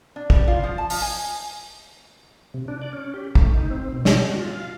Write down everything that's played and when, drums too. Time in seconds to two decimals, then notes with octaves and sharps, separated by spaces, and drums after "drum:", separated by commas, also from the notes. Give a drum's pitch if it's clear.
0.16 D4
0.30 G3, drum: kick
0.48 F4
0.63 F3
0.78 A5
0.90 F3, drum: open hi-hat
1.01 G#5
2.54 C3
2.68 D4
2.82 D5
2.93 C#4
3.14 G4
3.35 A3, drum: kick
3.51 D#4
3.70 C4
3.92 B2
4.05 drum: snare
4.23 F#4
4.39 F4
4.53 F5